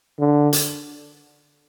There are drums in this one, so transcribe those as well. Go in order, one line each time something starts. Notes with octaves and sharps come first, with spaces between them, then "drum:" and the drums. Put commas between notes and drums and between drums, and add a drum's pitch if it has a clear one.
D3
drum: hi-hat